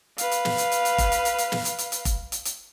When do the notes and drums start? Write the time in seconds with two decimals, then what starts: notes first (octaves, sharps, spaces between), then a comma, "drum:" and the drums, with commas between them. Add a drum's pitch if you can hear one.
0.18 B4 F5, drum: hi-hat
0.31 drum: hi-hat
0.45 drum: snare
0.58 drum: hi-hat
0.72 drum: hi-hat
0.85 drum: hi-hat
0.98 drum: kick F1, hi-hat
1.12 drum: hi-hat
1.25 drum: hi-hat
1.38 drum: hi-hat
1.52 drum: snare
1.65 drum: hi-hat
1.79 drum: hi-hat
1.92 drum: hi-hat
2.05 drum: kick F1, hi-hat
2.32 drum: hi-hat
2.45 drum: hi-hat